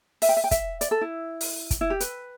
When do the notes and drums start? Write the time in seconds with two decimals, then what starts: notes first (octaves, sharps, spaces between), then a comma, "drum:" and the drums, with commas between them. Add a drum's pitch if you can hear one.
0.22 E5, drum: open hi-hat
0.29 G5
0.37 E5
0.44 G5
0.51 E5, drum: kick, hi-hat
0.81 D5, drum: hi-hat
0.91 A4
1.01 E4
1.41 drum: open hi-hat
1.71 drum: kick, hi-hat
1.81 E4
1.90 G4
2.00 B4, drum: hi-hat